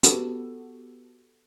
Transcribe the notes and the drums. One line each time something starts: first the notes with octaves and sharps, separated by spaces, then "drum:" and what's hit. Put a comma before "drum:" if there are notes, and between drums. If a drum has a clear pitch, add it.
B3 F#4 G4 A4, drum: hi-hat